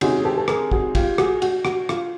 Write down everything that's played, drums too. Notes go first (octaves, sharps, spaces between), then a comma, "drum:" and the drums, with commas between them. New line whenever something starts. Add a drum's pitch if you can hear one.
C3 D#3 G#3 C#4 E4 F#4 G#4, drum: cymbal
G#4
G4 A4
A4
G#4 A#4, drum: rim click
F#4 G#4, drum: kick
F4 G4, drum: kick, cymbal
F#4 G#4, drum: rim click
F#4, drum: cymbal
F#4, drum: rim click
F4, drum: rim click